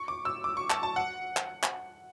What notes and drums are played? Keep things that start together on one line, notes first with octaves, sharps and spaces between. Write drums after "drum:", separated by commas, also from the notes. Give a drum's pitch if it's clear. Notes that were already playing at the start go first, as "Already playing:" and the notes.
Already playing: C#6
D6
E6
D6
C#6
A5, drum: clap
A5
F#5
drum: clap
drum: clap